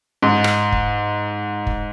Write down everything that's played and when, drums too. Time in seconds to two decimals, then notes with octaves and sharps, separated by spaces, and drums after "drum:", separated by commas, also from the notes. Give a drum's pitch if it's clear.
0.22 G#2
0.44 drum: rim click
0.72 drum: kick
1.67 drum: kick